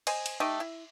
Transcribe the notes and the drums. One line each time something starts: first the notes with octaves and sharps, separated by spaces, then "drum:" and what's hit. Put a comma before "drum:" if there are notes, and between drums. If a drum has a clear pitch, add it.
C5 D#5 G#5, drum: cymbal
drum: cymbal
A3 D#4 G4 D#5
E4